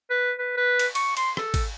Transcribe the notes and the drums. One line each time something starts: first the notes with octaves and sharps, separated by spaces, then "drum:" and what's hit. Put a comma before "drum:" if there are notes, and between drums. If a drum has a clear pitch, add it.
B4
B4
B4
drum: cymbal
C#6, drum: cymbal
C6, drum: cymbal
A4, drum: rim click
drum: kick, cymbal